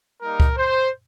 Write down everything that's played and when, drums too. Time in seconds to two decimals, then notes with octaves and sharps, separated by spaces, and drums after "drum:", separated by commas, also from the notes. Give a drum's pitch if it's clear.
0.22 G3 A#3 D#4 A#4
0.40 drum: kick C#2
0.57 C5